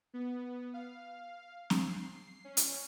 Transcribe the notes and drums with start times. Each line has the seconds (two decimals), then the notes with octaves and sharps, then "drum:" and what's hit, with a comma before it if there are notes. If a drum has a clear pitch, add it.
0.14 B3
0.74 F5
1.70 C7, drum: snare C4
2.44 C#4
2.57 drum: hi-hat